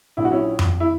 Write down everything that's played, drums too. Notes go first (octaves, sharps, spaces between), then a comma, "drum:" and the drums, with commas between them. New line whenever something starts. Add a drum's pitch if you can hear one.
A#1 A#2 F#3 E4
F#4
C#4 E4
drum: tom F2
E4